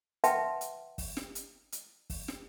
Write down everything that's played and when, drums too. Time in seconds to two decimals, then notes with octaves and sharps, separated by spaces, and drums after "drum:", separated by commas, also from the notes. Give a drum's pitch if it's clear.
0.24 B4 E5 F#5 G5 A5 C6, drum: hi-hat
0.61 drum: hi-hat
0.98 drum: kick, open hi-hat
1.17 drum: snare
1.35 drum: hi-hat
1.72 drum: hi-hat
2.10 drum: kick, open hi-hat
2.28 drum: snare